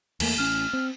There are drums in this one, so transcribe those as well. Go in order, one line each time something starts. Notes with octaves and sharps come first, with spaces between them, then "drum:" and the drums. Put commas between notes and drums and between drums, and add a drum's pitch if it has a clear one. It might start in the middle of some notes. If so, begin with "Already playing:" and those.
E2 A3 A#3, drum: cymbal
A1 C#4 F6
C4